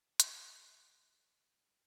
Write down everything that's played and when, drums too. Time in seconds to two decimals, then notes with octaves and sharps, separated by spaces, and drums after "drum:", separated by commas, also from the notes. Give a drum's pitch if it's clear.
0.20 G#4 D#5, drum: hi-hat